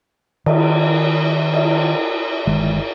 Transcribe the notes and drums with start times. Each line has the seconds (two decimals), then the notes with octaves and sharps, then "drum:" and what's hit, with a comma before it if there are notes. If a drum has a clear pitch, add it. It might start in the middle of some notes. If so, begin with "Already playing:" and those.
0.46 D#3, drum: cymbal
1.53 drum: cymbal
2.47 G1 D#3 G#3